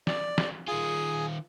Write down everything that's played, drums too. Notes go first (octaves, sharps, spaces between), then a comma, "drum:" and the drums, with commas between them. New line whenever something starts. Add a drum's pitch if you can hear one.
D5, drum: snare
drum: snare
D#3 F4 G#4 G#5